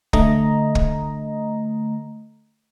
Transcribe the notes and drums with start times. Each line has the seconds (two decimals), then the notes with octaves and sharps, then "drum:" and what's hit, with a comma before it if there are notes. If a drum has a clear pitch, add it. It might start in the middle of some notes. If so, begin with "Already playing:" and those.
0.13 D3 A3 D#5 A#5, drum: kick
0.75 drum: kick